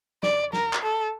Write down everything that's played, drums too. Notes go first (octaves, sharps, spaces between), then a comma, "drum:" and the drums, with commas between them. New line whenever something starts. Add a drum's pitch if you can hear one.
D5, drum: snare
A#4, drum: snare
drum: clap
A4